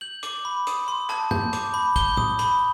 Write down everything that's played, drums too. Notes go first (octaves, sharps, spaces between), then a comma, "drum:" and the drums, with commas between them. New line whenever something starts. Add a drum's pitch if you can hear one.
G6 F#7
D6, drum: hi-hat
B5
D#6, drum: hi-hat
C6
A5, drum: clap
G6, drum: tom
D6, drum: hi-hat
B5
G6 G7, drum: kick, hi-hat
D#6, drum: tom
B5, drum: hi-hat